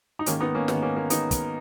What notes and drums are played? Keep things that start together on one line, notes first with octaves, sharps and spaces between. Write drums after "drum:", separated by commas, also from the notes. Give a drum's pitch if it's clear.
D#4
G#2 D#3 A#3 C#4, drum: hi-hat
B3 D#4
A#3 C#4
G#2 B3, drum: snare
D#3
A#3 C#4
A#3 C#4
G#2 D#3 B3 D#4, drum: hi-hat
drum: kick, hi-hat